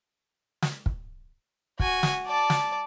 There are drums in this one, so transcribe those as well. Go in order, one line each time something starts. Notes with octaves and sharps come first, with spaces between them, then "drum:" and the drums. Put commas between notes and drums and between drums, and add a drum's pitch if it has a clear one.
drum: snare
drum: kick
F#4 G#5, drum: kick
drum: snare
D5 A5
drum: snare